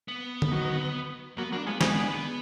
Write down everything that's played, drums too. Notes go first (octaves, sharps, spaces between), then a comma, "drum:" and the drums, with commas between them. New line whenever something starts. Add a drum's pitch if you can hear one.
B3
drum: tom D3
D#3 F#3
F#3 A#3 B3
F#3 A#3 D4
F3 G#3 B3
G#3 B3 D#4, drum: snare
D4
B3